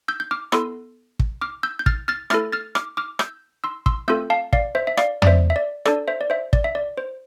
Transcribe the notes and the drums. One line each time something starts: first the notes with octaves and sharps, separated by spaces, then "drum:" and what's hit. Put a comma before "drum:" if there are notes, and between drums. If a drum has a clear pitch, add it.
E6 G6
G6
D6 F6
B3 E4 A4 C6 E6, drum: rim click
drum: kick
D6 F6
E6 G6
G6
F6 A6, drum: kick
F6 A6
A3 E4 A4 F6 A6, drum: rim click
F6 A6
D6 F6, drum: rim click
D6 F6
E6 G6, drum: rim click
C6 E6
C6 E6, drum: kick
A3 C4 F4 A4 E6 G6
F5 A5
D5 F5, drum: kick
C5 E5
E5
D5 F5, drum: rim click
D5, drum: tom
C5 E5
E5
D5
D4 A4 D5, drum: rim click
C5 E5
D5
C5 E5
D5, drum: kick
E5
D5
C5